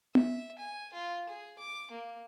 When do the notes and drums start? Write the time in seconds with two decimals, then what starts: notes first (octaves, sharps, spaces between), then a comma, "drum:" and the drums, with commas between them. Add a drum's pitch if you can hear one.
0.15 E5, drum: tom B3
0.58 G#5
0.93 F4
1.29 G#4
1.58 D6
1.91 A#3